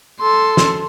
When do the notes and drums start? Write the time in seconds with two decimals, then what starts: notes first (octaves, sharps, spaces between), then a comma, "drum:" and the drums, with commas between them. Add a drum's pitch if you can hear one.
0.21 A4 C6
0.57 drum: snare